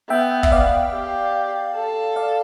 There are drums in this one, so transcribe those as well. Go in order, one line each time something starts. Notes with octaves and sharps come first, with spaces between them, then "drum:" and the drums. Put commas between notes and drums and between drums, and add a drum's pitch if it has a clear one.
B3 E5 G5
E5, drum: kick
D5 F5
G4
A4
D5 F5